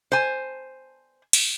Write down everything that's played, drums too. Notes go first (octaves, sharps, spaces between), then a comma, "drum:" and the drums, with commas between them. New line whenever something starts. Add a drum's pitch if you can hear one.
C5 G#5
drum: cymbal